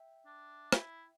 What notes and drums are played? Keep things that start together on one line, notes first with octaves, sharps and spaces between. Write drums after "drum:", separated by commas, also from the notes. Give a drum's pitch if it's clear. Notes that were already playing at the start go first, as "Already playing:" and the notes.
Already playing: E5 G5
D4
E4, drum: rim click